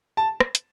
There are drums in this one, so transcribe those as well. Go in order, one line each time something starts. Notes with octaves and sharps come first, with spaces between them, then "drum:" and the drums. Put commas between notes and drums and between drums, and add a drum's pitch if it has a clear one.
A5
drum: rim click
drum: hi-hat